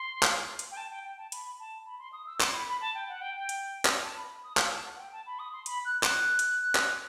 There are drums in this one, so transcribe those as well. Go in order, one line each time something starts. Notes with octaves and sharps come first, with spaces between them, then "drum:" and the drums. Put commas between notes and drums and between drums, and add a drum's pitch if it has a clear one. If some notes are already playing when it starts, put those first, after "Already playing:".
Already playing: C6
drum: clap
drum: hi-hat
G5
A5
G5
G5
A5
B5, drum: hi-hat
A5
B5
C6
D#6
E6
C6, drum: clap
B5
B5
A5
G5
F#5
G5
G5
drum: hi-hat
drum: clap
A5
B5
B5
D#6
E6, drum: clap
A5
F#5
G5
A5
B5
D#6
C6
B5, drum: hi-hat
F#6
F#6, drum: clap
drum: hi-hat
drum: clap